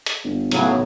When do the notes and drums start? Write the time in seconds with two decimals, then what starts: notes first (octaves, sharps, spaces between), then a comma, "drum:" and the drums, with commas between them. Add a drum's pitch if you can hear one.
0.06 drum: hi-hat
0.24 G1
0.51 B1 A2 C#3 F#3, drum: hi-hat